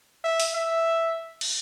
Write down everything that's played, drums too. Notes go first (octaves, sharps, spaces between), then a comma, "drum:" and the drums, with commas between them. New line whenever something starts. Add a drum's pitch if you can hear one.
E5
drum: open hi-hat
E5
drum: cymbal